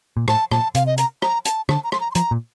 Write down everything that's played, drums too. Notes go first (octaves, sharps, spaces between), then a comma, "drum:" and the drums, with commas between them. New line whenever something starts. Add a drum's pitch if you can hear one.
A#2
A2 A5, drum: rim click
A#2 A5, drum: rim click
C3 F5, drum: hi-hat
D#5
A#5, drum: hi-hat
A#5, drum: rim click
A5, drum: hi-hat
D3 A5, drum: rim click
A#5
C6, drum: rim click
A#5
C6
F3 A#5, drum: hi-hat
A#2